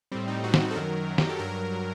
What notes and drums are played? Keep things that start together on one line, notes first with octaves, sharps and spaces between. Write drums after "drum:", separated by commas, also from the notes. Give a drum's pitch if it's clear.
A2 G3 C4
D#4
A2 G3 F#4
F#4, drum: snare
F#4
A4
F#2 D#3 F#3 A#4
F#2 D#3 F#3
G4, drum: snare
A4
G2 F#3 A#4
F#3